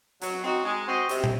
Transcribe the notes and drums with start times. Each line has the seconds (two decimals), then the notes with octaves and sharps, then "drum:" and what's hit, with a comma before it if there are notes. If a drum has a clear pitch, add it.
0.22 F#3, drum: hi-hat
0.43 C4 D#4 F#4
0.65 G#3
0.87 C4 F#4 C5 D#5
1.09 C3, drum: hi-hat
1.24 drum: tom